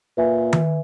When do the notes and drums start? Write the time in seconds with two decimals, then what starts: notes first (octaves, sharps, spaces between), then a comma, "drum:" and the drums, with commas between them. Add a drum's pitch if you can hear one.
0.17 A#2 B4 E5 G#5
0.53 drum: tom D#3